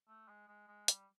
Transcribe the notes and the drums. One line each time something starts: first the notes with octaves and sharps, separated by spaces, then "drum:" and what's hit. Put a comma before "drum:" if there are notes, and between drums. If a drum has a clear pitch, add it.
A3
G#3
G#3
G#3
G3, drum: hi-hat